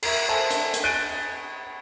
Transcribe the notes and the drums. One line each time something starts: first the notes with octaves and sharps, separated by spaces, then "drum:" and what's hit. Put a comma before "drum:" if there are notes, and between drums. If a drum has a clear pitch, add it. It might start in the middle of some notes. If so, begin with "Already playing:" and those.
A#4 E5, drum: cymbal
A4 C5 E5 G#5 A5
drum: hi-hat
drum: hi-hat
G#5 F#6 A6 D7 D#7 G7